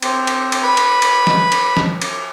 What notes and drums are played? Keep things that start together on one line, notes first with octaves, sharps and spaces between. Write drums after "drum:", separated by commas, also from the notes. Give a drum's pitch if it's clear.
C4, drum: cymbal
drum: cymbal
drum: cymbal
B4 B5
drum: cymbal
drum: cymbal
drum: snare F3
drum: cymbal
drum: snare F3
drum: cymbal